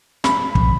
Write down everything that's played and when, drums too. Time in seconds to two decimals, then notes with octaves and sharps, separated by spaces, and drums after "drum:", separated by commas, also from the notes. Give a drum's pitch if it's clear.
0.24 B5, drum: snare
0.55 drum: kick